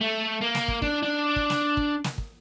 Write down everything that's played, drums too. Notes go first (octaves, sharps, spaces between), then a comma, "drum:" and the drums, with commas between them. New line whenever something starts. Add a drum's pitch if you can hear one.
A3
A#3
drum: snare
drum: kick
D4, drum: kick
D4
drum: kick
drum: snare
drum: kick
drum: snare
drum: kick